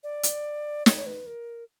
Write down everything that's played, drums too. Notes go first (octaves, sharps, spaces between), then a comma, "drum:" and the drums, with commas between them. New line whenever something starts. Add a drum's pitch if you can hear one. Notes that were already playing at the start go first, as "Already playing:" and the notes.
D5
drum: hi-hat
C#5, drum: snare
C#5
B4
A#4